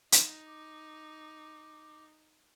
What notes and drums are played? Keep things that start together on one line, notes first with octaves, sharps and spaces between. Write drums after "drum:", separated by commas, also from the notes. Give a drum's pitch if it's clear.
D#4, drum: hi-hat
D6